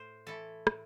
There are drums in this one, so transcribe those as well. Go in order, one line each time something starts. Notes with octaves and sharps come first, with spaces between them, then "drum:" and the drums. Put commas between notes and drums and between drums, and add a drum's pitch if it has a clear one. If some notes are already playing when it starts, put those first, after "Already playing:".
Already playing: A2 C5
E3 A3 E4 A4
A2, drum: rim click